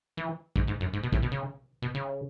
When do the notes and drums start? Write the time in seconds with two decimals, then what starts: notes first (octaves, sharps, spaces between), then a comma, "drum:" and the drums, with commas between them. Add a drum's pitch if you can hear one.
0.17 E3
0.56 G#2, drum: kick
0.67 G#2
0.80 F#2
0.93 G#2
1.03 B2
1.12 A2, drum: kick
1.22 B2
1.32 C#3
1.82 B2
1.95 C#3